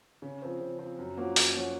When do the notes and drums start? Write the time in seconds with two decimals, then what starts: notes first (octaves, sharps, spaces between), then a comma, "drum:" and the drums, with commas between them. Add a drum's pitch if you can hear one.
0.22 C#3
0.42 F3 C4
0.61 C#3
0.79 F3 C4
0.98 F#2
1.17 F3 A#3 C#4 F#4
1.36 F#2, drum: open hi-hat
1.54 F3 A#3 C#4 F#4